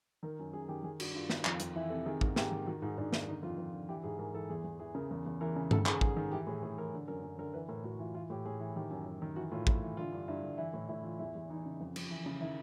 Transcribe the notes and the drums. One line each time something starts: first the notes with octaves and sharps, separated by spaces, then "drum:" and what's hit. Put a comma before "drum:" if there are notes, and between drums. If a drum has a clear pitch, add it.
D#3 A#4
F#2
F#2 G#4
D#3 G4
D#3 G#4
G2 F#4, drum: cymbal
G2 F4
D#3, drum: snare
F2 F4, drum: clap
F2, drum: hi-hat
E3 E4
C3 A4
D#3 G#4
G#2, drum: kick A1
G#2 G4, drum: snare
D#3
D#3 F#4
G#2 D#4
G#2 D4
D#3, drum: snare
D3 D#4
F2 F4
F2
D3
E3 G4
G#2 G#4
G#2 A#4
E3 A4
E2 G#4
E2
E3 G#4
C#3 A#4
E2 A#4
E2
E3 A#4
C#3
D#3 A4, drum: tom G2
G#2 G#4, drum: clap
G#2 G#4, drum: kick A1
D#3
E3 G4
A2 G#4
A2 G#4
E3 A#4
D3
F#2 A#4
F#2
D3 A#4
E3 B4
A2 A#4
A2 F#4
E3 F4
E3 F4
A2 G4
A2 G#4
E3
D#3 G4
F#2
F#2
D#3
E3 F#4
A2 F4
A2, drum: kick A1
E3
D3 F4
G2
G2 E4
D3
E3 E4
A2
A2 E4
E3 F4
E2 E4
E2
E3 D#4
C#3
F2
F2, drum: cymbal
E3
C#3
D#3 E4